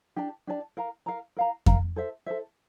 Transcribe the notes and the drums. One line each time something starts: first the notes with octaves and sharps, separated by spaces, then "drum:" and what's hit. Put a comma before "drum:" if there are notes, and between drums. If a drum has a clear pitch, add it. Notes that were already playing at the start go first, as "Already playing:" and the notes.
D4 G4 D5 A5
D4 G4 D5 A5
A#4 F5 A#5
A#4 F5 A#5
A#4 F5 A#5
A#4 F5 A#5, drum: kick F2
A4 C5 E5
A4 C5 E5